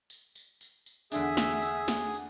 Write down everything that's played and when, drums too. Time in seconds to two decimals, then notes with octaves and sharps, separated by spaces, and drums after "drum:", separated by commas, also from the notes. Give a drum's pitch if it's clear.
0.10 drum: tambourine
0.35 drum: tambourine
0.61 drum: tambourine
0.86 drum: tambourine
1.12 E2 D3 D4 G#4 E5, drum: tambourine
1.37 drum: snare
1.63 drum: tambourine
1.88 drum: snare
2.13 drum: tambourine